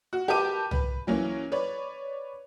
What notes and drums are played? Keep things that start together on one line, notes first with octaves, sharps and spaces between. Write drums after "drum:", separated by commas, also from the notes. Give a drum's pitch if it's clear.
F#4
G4 A#4 B4 A5 D6 D#7
B4, drum: tom C2
E3 F#3 A#3 C#4
B4 C#5 D5